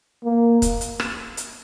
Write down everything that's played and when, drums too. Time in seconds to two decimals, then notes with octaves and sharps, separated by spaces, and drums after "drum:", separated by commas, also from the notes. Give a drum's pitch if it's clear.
0.24 A#3
0.62 drum: kick, hi-hat
0.81 drum: hi-hat
1.00 drum: rim click
1.37 drum: hi-hat